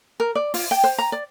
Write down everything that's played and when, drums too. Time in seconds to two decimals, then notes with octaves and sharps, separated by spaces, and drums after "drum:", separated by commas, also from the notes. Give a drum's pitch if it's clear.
0.20 A#4
0.35 D5
0.54 F4, drum: open hi-hat
0.71 G5
0.84 C5
0.98 A#5
1.12 D5